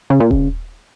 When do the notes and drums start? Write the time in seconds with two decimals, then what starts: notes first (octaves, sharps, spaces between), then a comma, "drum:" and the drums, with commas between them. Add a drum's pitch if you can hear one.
0.10 C#3
0.20 A#2
0.31 C#3, drum: kick D#1